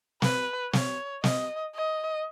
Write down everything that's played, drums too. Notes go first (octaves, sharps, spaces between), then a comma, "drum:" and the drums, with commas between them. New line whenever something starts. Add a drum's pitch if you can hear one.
B4, drum: snare
C#5, drum: snare
D#5, drum: snare
D#5